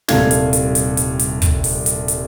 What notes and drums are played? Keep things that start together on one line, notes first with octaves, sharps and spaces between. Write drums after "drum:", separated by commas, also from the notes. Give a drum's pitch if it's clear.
D#1 C2 A4 F5 G#6, drum: snare
drum: hi-hat
drum: hi-hat
drum: hi-hat
drum: hi-hat
drum: hi-hat
drum: kick, hi-hat
drum: open hi-hat
drum: hi-hat
drum: hi-hat